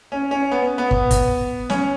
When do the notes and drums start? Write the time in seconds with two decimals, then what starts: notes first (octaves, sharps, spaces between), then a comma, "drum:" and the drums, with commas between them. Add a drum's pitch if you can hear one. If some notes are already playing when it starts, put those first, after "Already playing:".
0.12 C#4
0.31 C#4
0.52 B3
0.78 B3
0.91 drum: kick
1.11 drum: kick, hi-hat
1.70 C#4, drum: snare